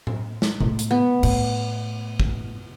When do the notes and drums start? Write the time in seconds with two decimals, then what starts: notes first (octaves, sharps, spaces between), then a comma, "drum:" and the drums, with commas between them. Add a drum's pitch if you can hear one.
0.07 drum: tom A2
0.42 drum: snare
0.60 A2, drum: tom C3
0.79 drum: hi-hat
0.91 B3
1.23 A2, drum: cymbal
2.20 drum: kick